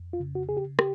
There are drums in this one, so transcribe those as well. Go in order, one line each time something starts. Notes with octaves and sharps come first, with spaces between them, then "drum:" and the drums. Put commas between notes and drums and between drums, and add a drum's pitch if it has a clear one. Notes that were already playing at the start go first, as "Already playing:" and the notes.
Already playing: F2
F4
C#3
F#4
C#3 G#4
G4
G4, drum: rim click